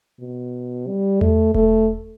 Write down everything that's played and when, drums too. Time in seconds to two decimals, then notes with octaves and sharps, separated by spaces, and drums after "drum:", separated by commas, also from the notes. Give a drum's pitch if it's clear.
0.20 B2
0.87 G3
1.21 A3, drum: tom E2
1.54 A3, drum: kick E1